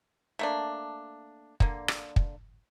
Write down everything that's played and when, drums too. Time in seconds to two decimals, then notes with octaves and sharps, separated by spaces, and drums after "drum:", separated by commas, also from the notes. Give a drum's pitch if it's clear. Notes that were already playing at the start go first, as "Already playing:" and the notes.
0.39 A3 A#3 D4
1.60 D3 A#3, drum: kick
1.88 drum: rim click
2.16 drum: kick